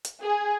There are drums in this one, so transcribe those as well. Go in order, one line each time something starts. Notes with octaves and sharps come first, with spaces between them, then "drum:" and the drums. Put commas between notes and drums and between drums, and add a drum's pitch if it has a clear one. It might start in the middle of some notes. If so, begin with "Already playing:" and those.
drum: hi-hat
G#4